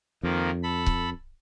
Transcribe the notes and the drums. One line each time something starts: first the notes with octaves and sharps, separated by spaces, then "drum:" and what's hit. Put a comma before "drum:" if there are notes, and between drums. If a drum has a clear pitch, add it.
F2 D#3 F3 A#3
A4 B5
drum: kick C#1